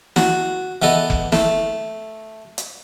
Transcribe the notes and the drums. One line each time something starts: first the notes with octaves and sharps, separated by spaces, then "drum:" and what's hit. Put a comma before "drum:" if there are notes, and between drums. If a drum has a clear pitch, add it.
F#4, drum: snare
E3 B3 A4 D#5
drum: kick F1
A3, drum: snare
drum: hi-hat